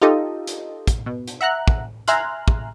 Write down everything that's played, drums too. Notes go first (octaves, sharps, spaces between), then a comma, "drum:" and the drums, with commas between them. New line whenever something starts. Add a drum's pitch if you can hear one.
D#4 F4 G4 A4 D#5
drum: hi-hat
drum: kick, hi-hat
B2
drum: hi-hat
E5 F#5 A#5 F#6
drum: kick
E5 G#5 A#5 C6 F6 F#6, drum: hi-hat
drum: kick